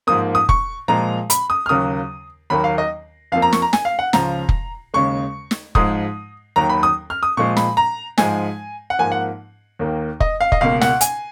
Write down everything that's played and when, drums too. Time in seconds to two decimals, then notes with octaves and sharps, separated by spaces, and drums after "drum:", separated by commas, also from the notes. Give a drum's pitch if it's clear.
0.07 G#2 F3 A#3 D#6
0.35 D#6
0.49 C#6, drum: kick
0.88 A#2 F3 G#3 A#5
1.30 B5, drum: hi-hat
1.50 D#6
1.66 F6
1.69 D#2 C#3 F#3 A#3 D#6
2.50 D#2 D#3 F#3 A#3 B5
2.64 F5
2.78 D#5
3.32 F2 F3 A#3 F5
3.42 A#5
3.53 C#6, drum: snare
3.62 A#5
3.73 G#5, drum: snare
3.85 F5
3.99 F#5
4.13 C#2 C#3 F3 A#5, drum: snare
4.49 drum: kick
4.94 D#2 C#3 G#3 C#6
5.51 drum: snare
5.75 G#2 F3 G#3 D#6, drum: kick
6.56 D#2 D#3 F#3 A#5
6.70 B5
6.83 D#6
7.10 F6
7.23 D#6
7.37 A#2 F3 G#3 C#6
7.57 B5, drum: snare
7.77 A#5
8.18 G#2 F3 G#3 G#5, drum: snare
8.90 F#5
8.99 G#2 F3 A#3 G#5
9.12 F#5
9.79 D#2 D#3 A#3
10.20 D#5, drum: kick
10.41 F5
10.52 D#5, drum: kick
10.61 C#2 B2 A#3 F5
10.81 F#5, drum: snare
11.01 G#5, drum: hi-hat